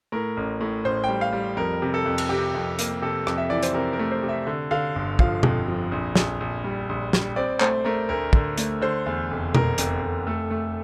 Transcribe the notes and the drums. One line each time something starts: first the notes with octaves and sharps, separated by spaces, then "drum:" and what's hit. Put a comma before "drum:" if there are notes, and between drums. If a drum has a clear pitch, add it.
A2 A#4
A1
A2
A1 C5
G3 G5
F5
G3
F2 A#4
C3
A4
F2
drum: cymbal
C3 G4
F2
A#3, drum: hi-hat
C3 A4
F2, drum: rim click
E5
E3 D5
C5, drum: hi-hat
C3 A#4
A#4
A3
C5
C3
E5
D3
D3 F5
G1
F3 F5, drum: kick
F2, drum: tom B2
F3
A#1
A#1, drum: snare
A#1
G3
A#1
G3, drum: snare
C4 D5
A3 C5, drum: clap
A3 A#4
D2 A#4
D3, drum: kick
A3, drum: hi-hat
D3 C5
E2
F1
F1 A#4, drum: tom B2
F1, drum: hi-hat
F1
A3 A4
A3